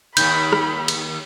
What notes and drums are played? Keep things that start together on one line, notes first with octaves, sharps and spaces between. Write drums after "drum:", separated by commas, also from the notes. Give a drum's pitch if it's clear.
D#2 D#3 B5 G6, drum: cymbal
drum: rim click
drum: cymbal